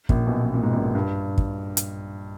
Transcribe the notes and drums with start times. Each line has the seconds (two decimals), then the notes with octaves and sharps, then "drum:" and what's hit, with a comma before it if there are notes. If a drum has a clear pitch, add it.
0.09 A#1 A#2, drum: kick
0.27 B1 B2
0.44 B2
0.54 A#2
0.63 G#2
0.73 A#1 A#2
0.95 G2
1.38 drum: kick
1.77 drum: hi-hat